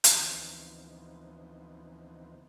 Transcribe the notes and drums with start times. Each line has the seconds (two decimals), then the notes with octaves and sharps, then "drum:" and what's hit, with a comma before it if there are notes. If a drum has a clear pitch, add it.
0.04 D2 E3 F3 B3 C4 D#4, drum: hi-hat